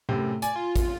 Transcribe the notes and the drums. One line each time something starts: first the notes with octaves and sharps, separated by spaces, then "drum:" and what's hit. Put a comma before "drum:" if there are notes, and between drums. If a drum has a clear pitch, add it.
F#2 A2 C3
D5 G#5, drum: hi-hat
F4
drum: kick A1, hi-hat